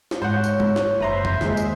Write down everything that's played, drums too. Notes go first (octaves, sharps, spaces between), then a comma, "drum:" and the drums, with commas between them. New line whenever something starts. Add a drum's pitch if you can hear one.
drum: snare
G#2 C5 C#5 F#5
drum: tambourine
drum: tom
drum: snare
F#1 B4 C5 E5 A#5 C6
drum: tom F2
D#2 G#3, drum: snare
drum: tambourine